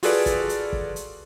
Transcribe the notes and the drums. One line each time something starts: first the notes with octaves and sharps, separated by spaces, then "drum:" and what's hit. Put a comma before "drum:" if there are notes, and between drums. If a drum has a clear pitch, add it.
F4 F#4 G#4 A4 B4 D5, drum: open hi-hat
drum: kick, hi-hat
drum: hi-hat
drum: kick
drum: hi-hat